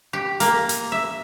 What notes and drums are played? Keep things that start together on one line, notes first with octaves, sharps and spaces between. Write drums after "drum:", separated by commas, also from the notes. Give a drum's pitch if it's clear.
G4
A#3, drum: hi-hat
drum: hi-hat
E5